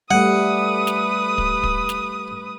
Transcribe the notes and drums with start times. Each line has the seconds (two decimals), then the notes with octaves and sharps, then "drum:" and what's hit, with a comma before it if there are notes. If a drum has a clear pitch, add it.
0.11 G3 A3 B4 F#5 D#6
0.87 drum: snare
1.38 drum: kick
1.63 drum: kick
1.89 drum: snare